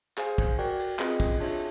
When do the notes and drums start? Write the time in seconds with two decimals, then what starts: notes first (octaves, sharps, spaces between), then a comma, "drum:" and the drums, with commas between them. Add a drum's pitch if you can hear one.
0.18 G#4 C5 F5 G#5, drum: clap
0.38 drum: kick, cymbal
0.58 F#4 A#4 D5 G5, drum: cymbal
0.79 drum: cymbal
0.99 C4 F4 G#4 B4 D#5, drum: clap
1.20 drum: kick, cymbal
1.40 D4 F4 G#4 C#5 E5, drum: cymbal